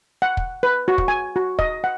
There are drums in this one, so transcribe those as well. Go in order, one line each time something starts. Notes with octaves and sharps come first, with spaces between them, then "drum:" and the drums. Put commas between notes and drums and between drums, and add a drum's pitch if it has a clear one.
F#5
drum: kick
B4
F#4
drum: kick
G#5
F#4
D#5, drum: kick
F#5